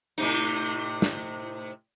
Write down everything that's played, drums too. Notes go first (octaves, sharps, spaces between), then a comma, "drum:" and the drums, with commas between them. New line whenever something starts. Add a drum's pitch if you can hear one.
A2 C3 D#4, drum: hi-hat
drum: snare